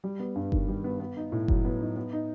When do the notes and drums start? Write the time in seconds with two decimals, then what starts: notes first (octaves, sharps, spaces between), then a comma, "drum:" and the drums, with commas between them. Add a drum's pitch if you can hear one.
0.04 G3
0.20 B3
0.36 G2
0.52 D#3, drum: kick F#1
0.68 G3
0.84 B3
1.00 B3
1.16 D#4
1.32 A2
1.48 F#3, drum: kick F#1
1.65 B3
1.81 D#4
1.96 B3
2.13 D#4